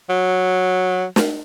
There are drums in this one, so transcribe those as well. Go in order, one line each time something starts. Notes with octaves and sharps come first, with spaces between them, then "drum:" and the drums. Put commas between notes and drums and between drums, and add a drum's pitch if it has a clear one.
F#3
drum: snare